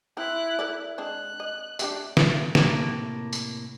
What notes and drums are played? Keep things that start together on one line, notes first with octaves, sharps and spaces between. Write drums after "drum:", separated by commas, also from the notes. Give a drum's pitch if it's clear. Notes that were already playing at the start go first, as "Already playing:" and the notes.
C4 E4 F#6
A4 A#4 D5
G#3 C4 D4 F#6
D#5
D4 G4 E5, drum: tambourine
drum: snare
A2 C3 A#3, drum: snare
drum: tambourine